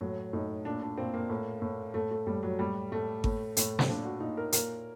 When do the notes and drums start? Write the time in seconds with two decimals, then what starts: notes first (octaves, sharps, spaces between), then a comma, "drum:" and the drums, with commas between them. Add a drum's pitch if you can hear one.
0.01 A2 F#3
0.33 A2 D#4
0.65 A#2 D4
0.82 D4
0.98 A#2 C4
1.14 A#3
1.30 A2
1.62 A2
1.94 A2 A3
2.11 A3
2.27 A2 G3
2.43 F#3
2.59 A2 G3
2.92 A2 A3
3.24 A2, drum: kick G#1
3.57 A2, drum: hi-hat
3.79 C4, drum: snare
3.88 A#2 D4
4.04 F#4
4.20 A#2 D#4
4.37 A#4
4.52 A#2 A#4, drum: hi-hat